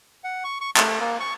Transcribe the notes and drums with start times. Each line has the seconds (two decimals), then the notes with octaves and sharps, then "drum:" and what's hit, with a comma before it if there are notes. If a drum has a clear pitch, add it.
0.24 F#5
0.44 C#6
0.61 C#6
0.76 A3, drum: clap
1.00 A#3
1.20 C#6